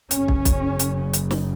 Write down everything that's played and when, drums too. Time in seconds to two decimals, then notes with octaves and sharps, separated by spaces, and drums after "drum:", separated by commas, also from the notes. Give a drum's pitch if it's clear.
0.11 F#1 F#2 C#3 C#4, drum: hi-hat
0.28 drum: kick
0.45 drum: kick, hi-hat
0.79 drum: hi-hat
1.14 drum: hi-hat
1.31 drum: snare